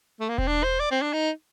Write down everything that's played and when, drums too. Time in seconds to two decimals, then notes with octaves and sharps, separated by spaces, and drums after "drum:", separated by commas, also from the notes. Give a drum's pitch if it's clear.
0.20 A3
0.29 A#3
0.38 C4, drum: kick E1
0.47 D4
0.63 C5
0.79 D5
0.91 C4
1.02 D4
1.13 D#4